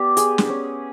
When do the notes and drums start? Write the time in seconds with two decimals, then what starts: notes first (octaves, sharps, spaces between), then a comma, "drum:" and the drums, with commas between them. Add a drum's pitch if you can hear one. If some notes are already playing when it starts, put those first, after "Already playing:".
Already playing: B3 G4 D5
0.17 G#4, drum: hi-hat
0.38 drum: snare
0.49 C#4